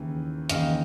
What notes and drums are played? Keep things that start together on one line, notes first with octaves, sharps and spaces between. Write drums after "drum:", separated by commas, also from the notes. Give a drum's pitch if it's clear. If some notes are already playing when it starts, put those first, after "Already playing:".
Already playing: D#2 C#3 E3
D#2 C#3 E3 D#5 F5, drum: hi-hat